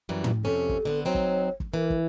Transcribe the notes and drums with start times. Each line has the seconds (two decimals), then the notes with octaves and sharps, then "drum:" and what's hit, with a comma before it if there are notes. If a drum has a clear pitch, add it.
0.09 F#2 E3 G3
0.24 drum: tom
0.45 F2 C3 C#4 A4
0.69 drum: kick
0.85 D3 B3 C4
1.05 F#3 C4 D#4 C#5
1.15 drum: kick
1.60 drum: kick
1.74 E3 A#4
1.90 drum: kick